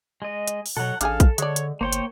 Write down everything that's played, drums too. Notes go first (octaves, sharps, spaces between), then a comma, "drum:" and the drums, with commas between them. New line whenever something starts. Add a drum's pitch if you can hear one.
G#3 D#5
drum: hi-hat
drum: open hi-hat
B2 F#3 A4 F#5
A1 D4 G#4 A4 F5 G#5, drum: hi-hat
drum: kick, hi-hat
D3 G#3 C#5 D5, drum: hi-hat
drum: hi-hat
G1 A#3 C5 C#5 G5
drum: hi-hat